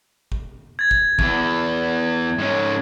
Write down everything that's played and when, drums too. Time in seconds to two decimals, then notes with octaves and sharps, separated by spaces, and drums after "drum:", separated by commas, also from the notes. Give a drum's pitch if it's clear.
0.32 drum: kick
0.79 G#6 A6
0.91 drum: kick
1.19 E2, drum: kick
2.38 G#2 C#4